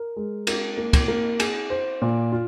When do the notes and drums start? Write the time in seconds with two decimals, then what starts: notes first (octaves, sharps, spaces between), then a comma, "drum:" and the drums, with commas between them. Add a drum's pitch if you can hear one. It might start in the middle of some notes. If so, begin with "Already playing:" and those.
Already playing: A#4
0.16 G#3
0.47 A#4, drum: cymbal
0.77 A#3
0.93 drum: kick, cymbal
1.08 A#3
1.40 G#4, drum: cymbal
1.70 C5
2.02 A#2
2.32 F4